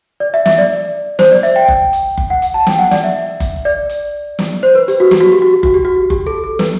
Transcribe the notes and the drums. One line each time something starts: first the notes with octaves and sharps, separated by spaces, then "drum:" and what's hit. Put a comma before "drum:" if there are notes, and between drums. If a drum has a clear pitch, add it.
D5
E5
E5, drum: snare
D5
C5, drum: snare
D5
E5, drum: hi-hat
G5
drum: kick F#1
drum: hi-hat
drum: kick F#1
F#5
drum: hi-hat
A5
G5, drum: snare
F#5
D5, drum: snare
E5
drum: kick F#1, hi-hat
D5
drum: hi-hat
drum: snare
C5
B4
G4, drum: hi-hat
F#4
G4, drum: snare
F#4
G4
F#4
G4
F#4, drum: kick F#1
G4
F#4
G4, drum: kick F#1
A4
A4
B4, drum: snare